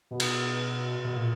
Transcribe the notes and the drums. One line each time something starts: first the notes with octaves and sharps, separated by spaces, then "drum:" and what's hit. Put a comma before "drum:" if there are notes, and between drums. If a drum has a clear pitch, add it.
B2
drum: cymbal
B2
A#2